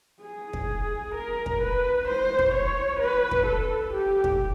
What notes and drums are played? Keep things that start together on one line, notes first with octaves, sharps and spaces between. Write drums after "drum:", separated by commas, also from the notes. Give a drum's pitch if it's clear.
G#4
drum: kick
A#4
drum: kick
B4
C5
drum: kick
C#5
B4
drum: kick
A4
G4
drum: kick